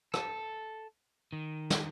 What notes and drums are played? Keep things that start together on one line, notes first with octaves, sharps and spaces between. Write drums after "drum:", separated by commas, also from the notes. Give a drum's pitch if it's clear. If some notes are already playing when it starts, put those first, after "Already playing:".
A4, drum: rim click
D#3
drum: snare